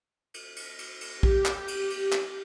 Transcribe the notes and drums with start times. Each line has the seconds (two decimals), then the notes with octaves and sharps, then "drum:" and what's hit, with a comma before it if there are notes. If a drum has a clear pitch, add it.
0.34 drum: cymbal
0.56 drum: cymbal
0.79 drum: cymbal
1.01 drum: cymbal
1.23 G4, drum: kick
1.46 drum: clap
1.68 drum: cymbal
1.90 drum: cymbal
2.12 drum: clap